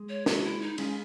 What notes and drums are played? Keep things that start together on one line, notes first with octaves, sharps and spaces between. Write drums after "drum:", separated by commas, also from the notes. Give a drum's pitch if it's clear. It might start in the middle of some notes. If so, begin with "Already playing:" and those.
Already playing: G#3
C#5
F#4, drum: snare
E4
D#4
G#3 C#4, drum: cymbal